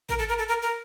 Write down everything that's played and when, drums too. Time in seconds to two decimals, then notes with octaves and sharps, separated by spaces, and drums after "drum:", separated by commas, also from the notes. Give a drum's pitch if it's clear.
0.09 A#4, drum: kick A1
0.19 A4
0.29 A#4
0.38 A4
0.48 A#4
0.62 A#4